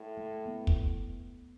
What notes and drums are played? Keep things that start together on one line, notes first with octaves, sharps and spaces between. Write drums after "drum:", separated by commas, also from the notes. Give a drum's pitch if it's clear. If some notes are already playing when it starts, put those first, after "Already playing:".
Already playing: A2
A3
B3
drum: kick